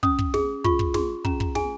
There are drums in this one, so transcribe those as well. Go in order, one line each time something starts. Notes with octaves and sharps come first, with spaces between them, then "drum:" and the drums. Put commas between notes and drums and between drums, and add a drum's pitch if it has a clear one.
C#4 D#6, drum: kick
drum: kick
G#4, drum: snare
F4 C#6, drum: kick
drum: kick
G#4 C6, drum: snare
C#4 A#5, drum: kick
A#5, drum: kick
G#4 G#5, drum: snare